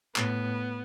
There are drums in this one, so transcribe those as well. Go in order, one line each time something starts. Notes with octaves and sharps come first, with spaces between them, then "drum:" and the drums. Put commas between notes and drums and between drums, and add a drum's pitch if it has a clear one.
A2 B3, drum: clap